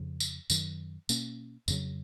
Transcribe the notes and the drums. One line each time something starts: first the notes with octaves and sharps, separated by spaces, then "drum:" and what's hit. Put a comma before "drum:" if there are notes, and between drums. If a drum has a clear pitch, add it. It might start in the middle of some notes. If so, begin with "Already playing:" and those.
Already playing: F2 C#3 F3
drum: tambourine
F#2 D#3 F#3, drum: tambourine
B2 A#3 C#4, drum: tambourine
F2 C#3 F#3, drum: tambourine